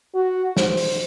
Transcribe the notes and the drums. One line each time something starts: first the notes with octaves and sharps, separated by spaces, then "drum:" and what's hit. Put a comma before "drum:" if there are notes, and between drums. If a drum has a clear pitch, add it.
F#4
C5, drum: snare
drum: open hi-hat